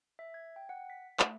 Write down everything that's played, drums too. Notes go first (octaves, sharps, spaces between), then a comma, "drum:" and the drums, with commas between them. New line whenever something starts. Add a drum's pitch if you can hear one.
E5
G#6
G5
F#5
B6
A3, drum: clap